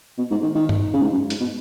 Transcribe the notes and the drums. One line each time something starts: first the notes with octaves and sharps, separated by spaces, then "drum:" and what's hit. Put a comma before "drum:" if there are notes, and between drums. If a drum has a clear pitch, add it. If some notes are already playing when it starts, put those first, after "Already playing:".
B2
G#2
D#3
D#3
drum: tom G2
C#3
G#2
F#2
G#2, drum: hi-hat
B2